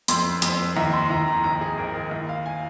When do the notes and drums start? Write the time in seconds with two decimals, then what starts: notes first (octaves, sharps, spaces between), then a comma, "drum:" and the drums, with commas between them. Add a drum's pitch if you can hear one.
0.08 F2 C6, drum: hi-hat
0.42 F2, drum: hi-hat
0.76 D#2 A#5
0.93 C6
1.10 D#2 A#5
1.28 A#5
1.44 G#1 A#5
1.61 G#4
1.78 G#1 A#4
1.95 A#4
2.11 D#2
2.29 F5
2.46 G#5